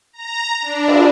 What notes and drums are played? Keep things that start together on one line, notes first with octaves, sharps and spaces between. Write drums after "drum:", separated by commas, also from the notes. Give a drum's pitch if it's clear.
A#5
D4
drum: cymbal